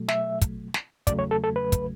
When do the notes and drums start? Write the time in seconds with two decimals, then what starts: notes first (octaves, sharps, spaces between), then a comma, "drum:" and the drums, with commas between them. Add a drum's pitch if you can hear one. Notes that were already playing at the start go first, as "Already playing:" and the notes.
Already playing: B2 F#3 A3
0.08 E5, drum: snare
0.41 drum: kick, hi-hat
0.74 drum: snare
1.07 E2 C#3 F#3 A3 D5, drum: kick, hi-hat
1.19 C#5
1.31 A4
1.44 A4
1.56 B4
1.72 drum: kick, hi-hat